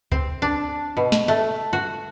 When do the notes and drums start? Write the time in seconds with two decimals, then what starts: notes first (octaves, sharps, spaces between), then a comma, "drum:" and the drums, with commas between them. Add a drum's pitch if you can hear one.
0.12 C4, drum: kick D2
0.42 D4
0.97 B2
1.12 drum: snare
1.28 A3
1.73 F#4